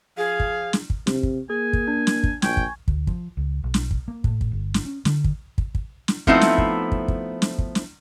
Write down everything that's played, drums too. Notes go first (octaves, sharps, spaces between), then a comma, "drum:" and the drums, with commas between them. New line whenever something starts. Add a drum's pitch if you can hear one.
F3 G#4 F5
drum: kick
drum: snare
drum: kick
C3, drum: snare
drum: kick
A#3 G#4 G#5
drum: kick
D4
drum: snare
drum: kick
A#1 G5 G#5 C#6 G#6, drum: snare
drum: kick
D2, drum: kick
F3, drum: kick
C#2
B1
drum: snare
drum: kick
A#3
A2, drum: kick
drum: kick
G1
drum: snare
C#4
D3, drum: snare
drum: kick
drum: kick
drum: kick
drum: snare
F3 A3 B3 C4 D#4 E4, drum: kick
drum: snare
drum: kick
drum: kick
drum: kick
drum: snare
drum: kick
drum: snare